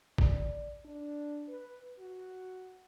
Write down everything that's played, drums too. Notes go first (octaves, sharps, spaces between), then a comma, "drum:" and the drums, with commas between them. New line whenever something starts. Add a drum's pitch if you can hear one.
D5, drum: kick
D4
B4
F#4